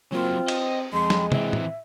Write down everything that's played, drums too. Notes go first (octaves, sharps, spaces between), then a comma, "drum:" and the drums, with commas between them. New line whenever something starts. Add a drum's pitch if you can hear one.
F#3 A#3 C4 F4
D#5, drum: cymbal
F2 G#3 C6
drum: snare
E3 C4 E5, drum: tom
drum: tom